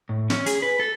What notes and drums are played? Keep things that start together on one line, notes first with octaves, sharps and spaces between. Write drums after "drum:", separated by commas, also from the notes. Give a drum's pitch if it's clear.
A2
C#4, drum: snare
G#4, drum: hi-hat
B4
A4